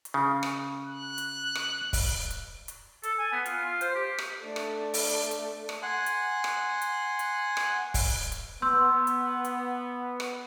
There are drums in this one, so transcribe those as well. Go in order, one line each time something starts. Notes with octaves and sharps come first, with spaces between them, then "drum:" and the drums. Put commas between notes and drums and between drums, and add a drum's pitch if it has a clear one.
drum: hi-hat
C#3
drum: rim click
F#6
drum: hi-hat
drum: rim click
drum: kick, open hi-hat
drum: hi-hat
drum: hi-hat
A4, drum: hi-hat
G#5
B3
F4, drum: hi-hat
F4
C5, drum: hi-hat
G4
drum: rim click
A3 D4
drum: rim click
drum: open hi-hat
drum: hi-hat
drum: rim click
F#5 G#5 C6 F#6
drum: hi-hat
drum: rim click
drum: hi-hat
drum: hi-hat
drum: rim click
drum: kick, open hi-hat
drum: hi-hat
B3 C6 E6 G6
drum: hi-hat
drum: hi-hat
drum: rim click